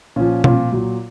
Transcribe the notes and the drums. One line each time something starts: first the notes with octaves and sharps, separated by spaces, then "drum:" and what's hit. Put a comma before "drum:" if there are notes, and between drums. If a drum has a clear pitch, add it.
A#2 F3 C#4
A#2 F3, drum: tom B2
A#2 F#3